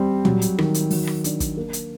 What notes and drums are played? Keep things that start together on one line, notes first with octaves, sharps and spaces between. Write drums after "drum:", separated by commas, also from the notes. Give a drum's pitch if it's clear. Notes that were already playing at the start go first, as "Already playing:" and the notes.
Already playing: G3 C4
F#3, drum: tom
drum: hi-hat
D#3, drum: rim click
drum: hi-hat
F#3, drum: open hi-hat
drum: rim click
D4, drum: hi-hat
drum: kick, hi-hat
A#3
drum: hi-hat